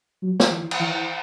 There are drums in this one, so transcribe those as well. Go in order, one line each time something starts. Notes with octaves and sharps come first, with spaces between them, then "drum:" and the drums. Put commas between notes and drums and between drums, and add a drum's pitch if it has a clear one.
F#3
drum: snare
E3
drum: cymbal
E3